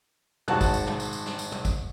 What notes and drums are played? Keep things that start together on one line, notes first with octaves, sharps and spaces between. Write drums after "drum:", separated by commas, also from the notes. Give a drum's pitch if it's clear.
G#1 F#4 A5 F#6, drum: tom
drum: kick, tambourine
drum: tambourine
drum: tom
drum: tambourine
drum: tambourine
drum: snare
drum: tambourine
drum: tom
drum: kick, tambourine